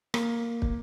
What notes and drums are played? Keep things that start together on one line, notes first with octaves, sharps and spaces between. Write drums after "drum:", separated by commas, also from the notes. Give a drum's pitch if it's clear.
A#3, drum: rim click
drum: kick